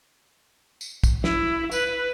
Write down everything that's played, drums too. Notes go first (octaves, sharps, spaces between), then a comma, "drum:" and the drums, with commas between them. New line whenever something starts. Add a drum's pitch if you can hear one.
drum: tambourine
drum: kick, tambourine
E4, drum: snare
B4, drum: tambourine